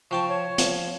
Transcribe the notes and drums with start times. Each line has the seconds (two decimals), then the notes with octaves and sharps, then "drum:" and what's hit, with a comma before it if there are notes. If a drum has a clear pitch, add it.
0.11 F3 G5 A5 C#6
0.29 C#5
0.58 F3, drum: hi-hat